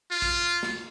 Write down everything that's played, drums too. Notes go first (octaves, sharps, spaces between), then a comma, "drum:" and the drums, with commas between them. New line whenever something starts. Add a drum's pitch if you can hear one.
F4
drum: kick
drum: snare